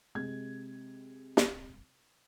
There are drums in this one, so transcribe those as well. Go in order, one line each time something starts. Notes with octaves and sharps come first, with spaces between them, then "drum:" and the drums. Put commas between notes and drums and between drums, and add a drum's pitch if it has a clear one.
C3 G#3 G#6
drum: snare